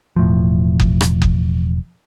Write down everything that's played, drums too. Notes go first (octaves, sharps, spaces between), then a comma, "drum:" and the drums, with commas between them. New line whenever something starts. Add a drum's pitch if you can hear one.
E1 A2 F3
drum: kick F#1
drum: rim click
drum: kick F#1